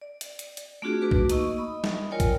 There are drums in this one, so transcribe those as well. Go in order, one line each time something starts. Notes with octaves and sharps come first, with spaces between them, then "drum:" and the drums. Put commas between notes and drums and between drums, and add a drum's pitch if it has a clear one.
D5
drum: hi-hat
drum: hi-hat
drum: hi-hat
A3 C4 D4 F4 F#4 G#4
A3 F#4 B4 D6
drum: kick
A#3 D#4 D#5 C#6 E6, drum: hi-hat
D#5 B5 D#6
drum: snare
F4 A#4 C#5 D5 G5 G#5
drum: kick, hi-hat